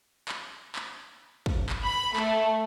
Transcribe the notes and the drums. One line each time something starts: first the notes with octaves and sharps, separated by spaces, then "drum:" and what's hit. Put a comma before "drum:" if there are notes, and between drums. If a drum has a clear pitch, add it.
drum: clap
drum: clap
drum: kick
drum: clap
B5
A3, drum: clap